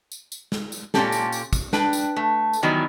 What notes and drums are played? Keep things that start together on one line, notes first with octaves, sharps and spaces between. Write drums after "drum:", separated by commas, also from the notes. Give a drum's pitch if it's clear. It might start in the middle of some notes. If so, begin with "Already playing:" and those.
drum: tambourine
drum: tambourine
drum: snare
drum: tambourine
A#2 F#3 C4 C#4 G4 A4, drum: snare
drum: tambourine
drum: tambourine
drum: kick, tambourine
D4 B4 G5, drum: snare
drum: tambourine
A3
drum: tambourine
D#3 E3 F#3 G3 B3